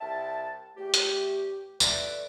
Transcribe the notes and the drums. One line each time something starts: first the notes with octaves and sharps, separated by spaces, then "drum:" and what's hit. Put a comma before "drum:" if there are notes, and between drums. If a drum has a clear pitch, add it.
C2 E5 G5 A5
E2 A3 G4
drum: hi-hat
A3 E4 B4 D5, drum: tambourine